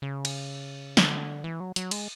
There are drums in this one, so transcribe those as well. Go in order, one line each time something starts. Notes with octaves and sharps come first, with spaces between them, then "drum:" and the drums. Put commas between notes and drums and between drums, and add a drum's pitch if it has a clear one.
C#3
drum: cymbal
D3, drum: snare
E3
F#3
F#3, drum: hi-hat
G#3, drum: cymbal